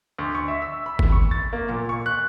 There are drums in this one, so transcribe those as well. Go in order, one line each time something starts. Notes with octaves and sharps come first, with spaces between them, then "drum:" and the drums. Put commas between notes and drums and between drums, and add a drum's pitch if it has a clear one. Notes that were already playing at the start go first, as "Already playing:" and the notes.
D2
C#6
E5
E6
B5
drum: kick G#1
C#6
A6
A#3
A#2
C#6
F#6